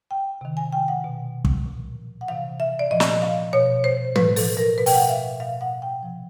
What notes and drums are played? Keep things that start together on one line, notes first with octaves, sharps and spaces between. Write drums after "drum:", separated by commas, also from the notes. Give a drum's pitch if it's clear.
G5
C3 D#3
G#5
G5
F#5
B2
drum: kick
A#2 F3
F#5
C3 E3 F5
E5
D5
A#2 F3 D#5
drum: snare
F5
B2 C#5
C5
A2 F3 B4, drum: tom
A4, drum: open hi-hat
A#4
B2 B4
G5, drum: open hi-hat
F#5
F5
E5
B2 F5
F#5
G5
C3 F3